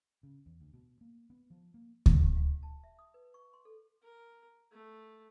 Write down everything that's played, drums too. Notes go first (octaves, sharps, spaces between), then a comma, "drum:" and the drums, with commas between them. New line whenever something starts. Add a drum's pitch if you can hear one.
C#3
E2
D2
B2
A#3
B3
F3
A#3
drum: kick D2
G4
F5
A5
E5
D#6
B4
C#6
C6
A4
A#4
A3